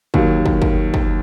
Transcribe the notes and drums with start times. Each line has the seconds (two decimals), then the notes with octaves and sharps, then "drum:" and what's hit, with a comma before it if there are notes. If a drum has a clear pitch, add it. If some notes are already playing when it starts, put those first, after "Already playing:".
0.14 D#2 D#3 F#3, drum: kick
0.46 drum: kick
0.62 drum: kick
0.94 drum: kick